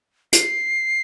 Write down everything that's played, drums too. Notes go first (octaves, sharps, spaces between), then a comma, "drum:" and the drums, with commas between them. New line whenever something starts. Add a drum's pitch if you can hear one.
C7, drum: hi-hat